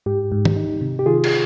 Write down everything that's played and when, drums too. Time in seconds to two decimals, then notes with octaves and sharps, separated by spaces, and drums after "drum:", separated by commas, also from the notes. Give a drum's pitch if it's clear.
0.06 G#2 G4
0.32 G#2
0.45 drum: tom
0.56 D#4
0.81 C3
0.99 G4
1.06 D#3 F4 G#4
1.24 drum: cymbal